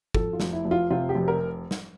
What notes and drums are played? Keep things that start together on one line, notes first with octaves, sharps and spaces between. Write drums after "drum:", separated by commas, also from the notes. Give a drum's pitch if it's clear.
F2 A4, drum: kick
F4
F1, drum: snare
E4
F1
F4
C3 F4
G4
F1
A#4
drum: snare